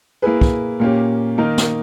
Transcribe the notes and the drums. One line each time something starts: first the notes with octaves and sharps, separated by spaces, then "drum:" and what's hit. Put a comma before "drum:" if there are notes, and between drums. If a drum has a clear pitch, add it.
A#3 E4 G#4 B4
drum: kick
A#2 A#3 C#4 G4
D#3 A#3 D#4 A#4
drum: snare